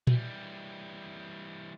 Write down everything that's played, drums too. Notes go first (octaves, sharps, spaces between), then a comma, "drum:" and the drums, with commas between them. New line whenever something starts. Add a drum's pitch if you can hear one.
E3 G3, drum: tom A#2